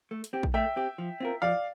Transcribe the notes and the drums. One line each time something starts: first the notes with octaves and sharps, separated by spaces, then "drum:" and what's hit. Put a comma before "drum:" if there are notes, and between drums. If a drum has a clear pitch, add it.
A3
drum: hi-hat
C4 G4
drum: kick
A3 E5 G5
C4 G4
F3
C4 F4 A#4
F3 D5 F5